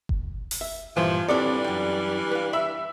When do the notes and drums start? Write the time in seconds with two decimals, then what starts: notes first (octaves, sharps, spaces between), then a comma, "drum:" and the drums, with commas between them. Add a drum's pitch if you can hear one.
0.09 drum: kick F#1
0.51 drum: open hi-hat
0.61 E5
0.97 G2 A#2 E3 F3 C5
1.28 E3 G3 C4 D4 A4 C#5 D5 D6
1.64 F#2 G5
2.31 B4 F5
2.53 E5 B5 E6